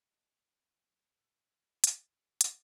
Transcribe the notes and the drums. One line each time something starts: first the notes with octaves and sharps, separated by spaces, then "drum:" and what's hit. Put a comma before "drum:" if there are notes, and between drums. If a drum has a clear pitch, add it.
F3 G#3 F#4
F#3 A3
A#2 E5 F#5
drum: hi-hat
A#1 E2 F#4 G#4 B4
D2 A#2, drum: hi-hat